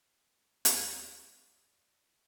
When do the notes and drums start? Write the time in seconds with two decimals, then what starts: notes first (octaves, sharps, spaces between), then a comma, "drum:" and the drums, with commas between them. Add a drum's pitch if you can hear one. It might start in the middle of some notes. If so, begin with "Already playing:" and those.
0.65 C5 D5, drum: hi-hat